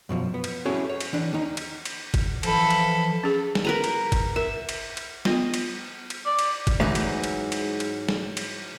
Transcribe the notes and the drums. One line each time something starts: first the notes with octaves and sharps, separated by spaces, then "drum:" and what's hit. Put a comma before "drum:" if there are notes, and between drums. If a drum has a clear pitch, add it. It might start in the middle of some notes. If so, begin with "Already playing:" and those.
F#2 B2 E3 F3
B3
drum: cymbal
C#4 E4 F#4 G#4 A4 C#5
C#5
drum: cymbal
E3 D4
D#2 D#4
drum: cymbal
drum: cymbal
drum: kick, cymbal
E3 F3 A4 B5, drum: cymbal
drum: cymbal
C#4 G#4
drum: snare
A#4 B4 A#5
drum: cymbal
drum: kick, cymbal
A#4 E5
drum: cymbal
drum: cymbal
B3 F4 D#5, drum: snare
drum: cymbal
drum: cymbal
D5
drum: cymbal
drum: kick, cymbal
D2 G#2 E3 F#3 D#4
drum: cymbal
drum: cymbal
drum: cymbal
drum: cymbal
drum: snare
drum: cymbal